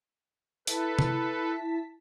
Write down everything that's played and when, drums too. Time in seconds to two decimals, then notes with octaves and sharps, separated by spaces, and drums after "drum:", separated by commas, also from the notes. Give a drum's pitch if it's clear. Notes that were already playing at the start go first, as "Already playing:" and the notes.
0.67 E4 A4 B4 A5 B6, drum: hi-hat
0.99 drum: tom C3